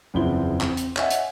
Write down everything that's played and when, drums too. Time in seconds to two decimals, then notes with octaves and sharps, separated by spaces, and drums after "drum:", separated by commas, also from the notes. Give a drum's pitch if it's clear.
0.14 F#1 E2 F3 C4 E4 G7
0.61 C4, drum: clap
0.77 drum: hi-hat
0.96 C#5 D#5 E5 F#5 G#5, drum: clap
1.11 drum: hi-hat